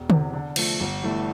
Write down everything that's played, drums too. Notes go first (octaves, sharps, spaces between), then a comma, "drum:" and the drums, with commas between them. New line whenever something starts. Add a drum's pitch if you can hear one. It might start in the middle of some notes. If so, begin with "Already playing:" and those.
Already playing: E1
E2 C3, drum: tom D3
D3
F3 A3, drum: cymbal
G1
G2 E3 A3